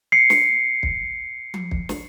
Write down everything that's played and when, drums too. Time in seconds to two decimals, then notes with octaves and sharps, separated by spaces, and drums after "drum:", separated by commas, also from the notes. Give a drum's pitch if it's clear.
0.12 C7 C#7
0.30 drum: snare
0.83 drum: kick
1.54 drum: tom F3
1.71 drum: kick
1.89 drum: snare